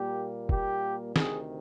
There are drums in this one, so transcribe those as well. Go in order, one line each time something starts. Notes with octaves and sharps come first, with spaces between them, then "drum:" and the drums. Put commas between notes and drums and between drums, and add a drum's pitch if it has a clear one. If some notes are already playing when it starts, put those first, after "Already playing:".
Already playing: A#2 G3 A#3 G4
G4, drum: kick
D2 C3 D#3 G#4, drum: snare